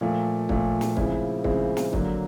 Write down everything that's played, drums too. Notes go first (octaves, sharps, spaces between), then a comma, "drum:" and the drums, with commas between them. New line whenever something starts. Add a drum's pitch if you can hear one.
A#2 F3 A3
A#2 F3 A3, drum: kick
drum: snare
C#3 F3 G#3 C4 E4, drum: kick
C#3 F3 G#3 C4 E4, drum: kick
drum: snare
D3 F#3 A#3, drum: kick